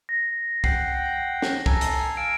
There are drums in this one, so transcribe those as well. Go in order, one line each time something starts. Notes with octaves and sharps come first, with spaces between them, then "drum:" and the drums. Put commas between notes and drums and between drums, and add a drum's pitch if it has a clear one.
A#6
F#5 G5 C7, drum: kick C2
drum: snare
A4 G#5 A#5, drum: kick C2
drum: hi-hat
F5 G#5 E6 D7